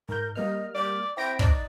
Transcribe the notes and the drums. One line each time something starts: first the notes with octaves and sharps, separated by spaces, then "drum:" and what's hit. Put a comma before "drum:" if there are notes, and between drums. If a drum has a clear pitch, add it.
G#2 A#4 G6
G3 A#3 D#5 F6
D5 D6
C4 E4 G5 A#6 D7
D#4 D5, drum: kick